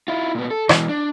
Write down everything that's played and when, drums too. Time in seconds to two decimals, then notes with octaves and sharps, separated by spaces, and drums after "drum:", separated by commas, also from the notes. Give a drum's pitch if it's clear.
0.08 E4 F4
0.35 A#2 B3
0.51 A4
0.69 B2 E3, drum: rim click
0.89 D4